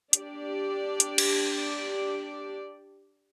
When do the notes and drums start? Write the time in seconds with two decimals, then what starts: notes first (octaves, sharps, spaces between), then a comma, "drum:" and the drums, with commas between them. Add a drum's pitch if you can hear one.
0.13 D4 G4 D5, drum: hi-hat
1.00 drum: hi-hat
1.18 drum: cymbal